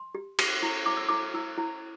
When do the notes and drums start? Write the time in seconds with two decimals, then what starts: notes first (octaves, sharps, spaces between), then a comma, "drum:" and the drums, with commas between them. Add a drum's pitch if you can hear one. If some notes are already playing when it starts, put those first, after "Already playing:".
Already playing: C6
0.15 G4
0.39 G4, drum: cymbal
0.62 E4
0.86 E4 D6
0.97 E6
1.09 E4 D6
1.34 E4 E6
1.58 E4